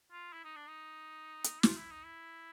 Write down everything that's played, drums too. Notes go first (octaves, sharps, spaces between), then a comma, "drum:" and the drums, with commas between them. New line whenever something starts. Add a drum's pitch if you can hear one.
F4
E4
D#4
D4
D#4
drum: hi-hat
F4, drum: snare
E4
D#4
E4